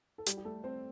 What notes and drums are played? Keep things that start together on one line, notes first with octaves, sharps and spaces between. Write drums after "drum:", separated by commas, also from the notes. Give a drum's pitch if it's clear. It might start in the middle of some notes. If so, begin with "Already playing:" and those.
A4
G3 G4, drum: hi-hat
G4
A3 A4
C4 C5